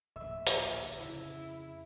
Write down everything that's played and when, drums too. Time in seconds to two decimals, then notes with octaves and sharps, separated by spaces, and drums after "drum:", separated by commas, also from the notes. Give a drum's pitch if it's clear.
0.16 D1 A#1 E5
0.47 drum: hi-hat
0.96 F2 C#3 E4